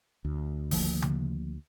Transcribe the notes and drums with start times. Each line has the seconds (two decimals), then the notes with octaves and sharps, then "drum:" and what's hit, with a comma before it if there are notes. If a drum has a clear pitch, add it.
0.25 D2
0.71 D#3 F3 A#3, drum: kick, open hi-hat
1.02 drum: tom C#3